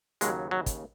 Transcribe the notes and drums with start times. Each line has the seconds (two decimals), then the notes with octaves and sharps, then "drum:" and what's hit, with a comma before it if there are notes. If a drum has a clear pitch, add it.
0.21 D#2 C#3 F#3 G#3, drum: hi-hat
0.51 F#3
0.66 drum: kick, hi-hat